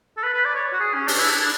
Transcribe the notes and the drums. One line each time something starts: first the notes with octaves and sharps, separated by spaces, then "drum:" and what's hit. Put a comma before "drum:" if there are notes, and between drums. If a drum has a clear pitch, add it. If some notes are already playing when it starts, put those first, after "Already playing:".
A4
B4
B4
D5
C#5
F#4
G#4
C#4
D4, drum: open hi-hat
E4
D4
D4